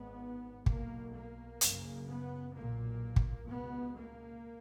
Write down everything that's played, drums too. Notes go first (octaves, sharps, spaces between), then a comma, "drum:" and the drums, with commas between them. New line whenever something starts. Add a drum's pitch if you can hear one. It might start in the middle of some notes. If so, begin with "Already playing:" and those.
Already playing: G#1 G#2 B3
B1 B2 A#3, drum: kick
A#3
F#1 F#2 C#3, drum: hi-hat
B3
B1 A#2 A#3
drum: kick
C#2 B2 B3
A#3